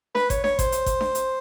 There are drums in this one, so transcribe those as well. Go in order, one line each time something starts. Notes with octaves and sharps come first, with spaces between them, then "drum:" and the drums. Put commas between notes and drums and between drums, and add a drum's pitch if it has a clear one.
B4, drum: snare D4
C#5, drum: kick G#1, hi-hat
C#5, drum: snare D4
C5, drum: kick G#1, hi-hat
drum: hi-hat
drum: kick G#1, hi-hat
drum: snare D4
drum: hi-hat